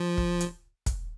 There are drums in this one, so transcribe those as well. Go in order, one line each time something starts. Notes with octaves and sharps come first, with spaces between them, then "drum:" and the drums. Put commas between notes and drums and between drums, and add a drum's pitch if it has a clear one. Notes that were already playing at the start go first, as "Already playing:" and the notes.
Already playing: F3
drum: kick
drum: hi-hat
drum: kick, hi-hat